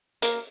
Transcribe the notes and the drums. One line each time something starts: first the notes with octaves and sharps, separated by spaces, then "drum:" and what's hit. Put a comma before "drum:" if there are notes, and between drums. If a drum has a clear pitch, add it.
A#3, drum: hi-hat